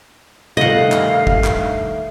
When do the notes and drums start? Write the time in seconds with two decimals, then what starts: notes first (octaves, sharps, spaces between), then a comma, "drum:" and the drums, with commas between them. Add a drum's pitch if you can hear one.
0.57 G2 D#3 A3 D#5 F5 F#5, drum: tom C3
0.92 drum: clap
1.27 drum: kick
1.44 drum: clap